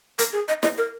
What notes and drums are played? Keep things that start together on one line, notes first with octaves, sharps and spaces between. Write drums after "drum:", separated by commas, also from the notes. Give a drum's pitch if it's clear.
A#4, drum: hi-hat
G#4
D#5
D#5, drum: snare
A#4